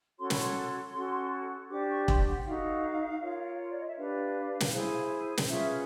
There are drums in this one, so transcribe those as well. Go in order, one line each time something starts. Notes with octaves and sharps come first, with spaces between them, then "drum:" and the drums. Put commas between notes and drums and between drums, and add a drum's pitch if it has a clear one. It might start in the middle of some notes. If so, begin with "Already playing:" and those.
C#4 F#4 A4 C#5 C6
B5, drum: snare
C6
C#4 F#4 A4
D4 G4 C5 D6
C#6
C6, drum: kick E1
F#5
D#4 F#4 A4 F5
F4 A#4 C#5
D5
D#5
E5
D4 G4 B4 F5
drum: snare
E4 G#4 C5
drum: snare
C#4 F4 G#4 B4 E5